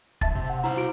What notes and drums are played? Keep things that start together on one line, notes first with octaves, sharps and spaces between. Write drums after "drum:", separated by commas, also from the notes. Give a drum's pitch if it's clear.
E5 A5 A6, drum: kick
C3
F#5
E4 C5 A#5
F#4 D7